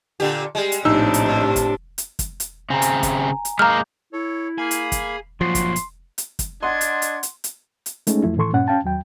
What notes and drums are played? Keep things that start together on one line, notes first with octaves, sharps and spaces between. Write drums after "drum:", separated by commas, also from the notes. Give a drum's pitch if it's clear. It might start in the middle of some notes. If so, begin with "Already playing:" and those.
A#2 D3 G4
G3 G#3
drum: hi-hat
A#1 A2 C3 D4 D#4 E6
drum: hi-hat
G2
drum: kick, hi-hat
drum: hi-hat
drum: kick, hi-hat
drum: hi-hat
C#3 C4 G#5 A#5
drum: hi-hat
drum: kick, hi-hat
drum: hi-hat
G#3 A#3 F5 A#5 D6 F6 G6
E4 A4 C#5
A#3 G#4 F5 B5
drum: hi-hat
drum: kick, hi-hat
F#2 A#2 F3 F#4 C6
drum: kick, hi-hat
drum: hi-hat
drum: hi-hat
drum: kick, hi-hat
D4 D#5 F#5 C6 G#6
drum: hi-hat
drum: hi-hat
drum: hi-hat
drum: hi-hat
drum: hi-hat
G#3 A3 C#4 D#4 G#4, drum: hi-hat
F2 F3 F#3 A3 E4
A2 D#3 E3 A4 C6 C#6
G2 A#2 C#4 F#5
C#4 F5 G5 A5
D#2 F#3 G5